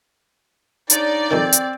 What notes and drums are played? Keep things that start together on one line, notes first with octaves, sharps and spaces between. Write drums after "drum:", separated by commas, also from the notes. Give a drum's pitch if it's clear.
C#3 D4 D#4 D5, drum: hi-hat
F2 C3 D#3 C4
drum: hi-hat